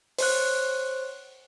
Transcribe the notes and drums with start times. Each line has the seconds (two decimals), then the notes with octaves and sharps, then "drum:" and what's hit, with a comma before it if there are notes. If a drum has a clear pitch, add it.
0.18 C5 C#5 F#6, drum: open hi-hat